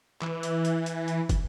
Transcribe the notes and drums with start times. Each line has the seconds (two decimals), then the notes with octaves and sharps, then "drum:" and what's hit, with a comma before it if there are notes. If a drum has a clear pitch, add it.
0.22 E3, drum: clap
0.43 drum: hi-hat
0.65 drum: hi-hat
0.86 drum: hi-hat
1.08 drum: hi-hat
1.29 drum: kick, hi-hat